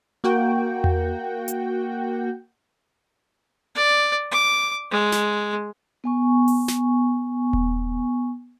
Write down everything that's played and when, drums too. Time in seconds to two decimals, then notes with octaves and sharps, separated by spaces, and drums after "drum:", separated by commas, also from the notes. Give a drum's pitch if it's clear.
0.24 A#3 F#4 G5
0.84 drum: tom E2
1.48 drum: hi-hat
3.75 D5
4.31 D6
4.91 G#3
5.12 drum: snare
6.04 B3 G#5 C#6
6.48 drum: open hi-hat
6.68 drum: snare
7.53 drum: kick D#1